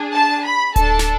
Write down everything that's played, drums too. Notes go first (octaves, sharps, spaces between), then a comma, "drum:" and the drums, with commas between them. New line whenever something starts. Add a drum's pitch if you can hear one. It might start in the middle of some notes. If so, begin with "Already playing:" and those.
Already playing: D4 G#4
A5
B5
D4 A4 A5, drum: kick D1, hi-hat
drum: snare